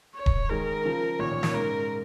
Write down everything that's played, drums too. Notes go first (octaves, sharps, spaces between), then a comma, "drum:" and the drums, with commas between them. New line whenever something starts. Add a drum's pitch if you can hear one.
C#5
drum: kick D#1
D#3 G#3 A#4
C#3 F3
A#2 D#3 C#5
A#2
A#2 D#3, drum: snare
G#2 C#3 A#4